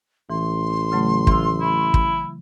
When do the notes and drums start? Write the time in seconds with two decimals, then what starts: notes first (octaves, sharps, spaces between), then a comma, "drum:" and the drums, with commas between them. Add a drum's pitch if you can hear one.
0.30 A1 E3 C6
0.92 C#3 F#3 A3
1.27 E3 F4 E6, drum: kick
1.60 E4
1.94 drum: kick